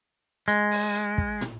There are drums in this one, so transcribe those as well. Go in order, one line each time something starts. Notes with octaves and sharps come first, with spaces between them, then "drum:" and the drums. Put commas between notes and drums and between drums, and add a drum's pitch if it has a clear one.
G#3, drum: hi-hat
drum: open hi-hat
drum: hi-hat
drum: kick
drum: tom